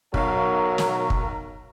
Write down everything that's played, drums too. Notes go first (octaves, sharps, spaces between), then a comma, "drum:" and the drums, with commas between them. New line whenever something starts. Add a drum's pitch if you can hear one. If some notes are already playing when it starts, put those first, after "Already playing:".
B1 F#3 A#4 F5 C#6, drum: kick
drum: snare
drum: kick